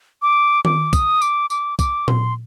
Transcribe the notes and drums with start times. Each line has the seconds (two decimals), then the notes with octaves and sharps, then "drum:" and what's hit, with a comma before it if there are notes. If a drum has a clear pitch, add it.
0.22 D6
0.65 D6, drum: tom D#3
0.93 D#6, drum: kick, tambourine
1.22 D6, drum: tambourine
1.50 D6, drum: tambourine
1.79 D6, drum: kick, tambourine
2.08 C6, drum: tom A#2